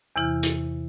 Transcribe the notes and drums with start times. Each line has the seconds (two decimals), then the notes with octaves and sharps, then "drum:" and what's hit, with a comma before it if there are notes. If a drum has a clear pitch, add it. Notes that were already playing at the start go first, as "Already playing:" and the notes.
0.16 E2 C3 E3 E4 F6 G6
0.43 drum: hi-hat